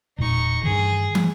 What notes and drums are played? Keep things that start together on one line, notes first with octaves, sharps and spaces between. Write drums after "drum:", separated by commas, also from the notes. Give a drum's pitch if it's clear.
E1 A#2 D#4 C#6
G2 D#3 E3 G#4
drum: tom